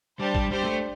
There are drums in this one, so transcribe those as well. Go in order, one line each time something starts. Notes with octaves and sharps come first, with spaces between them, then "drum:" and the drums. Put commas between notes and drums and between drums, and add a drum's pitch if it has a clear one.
G3 D4 G4 C5 A5
G3, drum: kick
G3 D4 G4 C5
A3